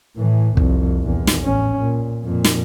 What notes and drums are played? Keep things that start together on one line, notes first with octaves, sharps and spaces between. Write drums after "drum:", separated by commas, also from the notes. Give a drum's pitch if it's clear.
A2 E3
C2 F2, drum: kick
A#1 E2
drum: snare
A1 C#4
A#2
F2 A#2
drum: snare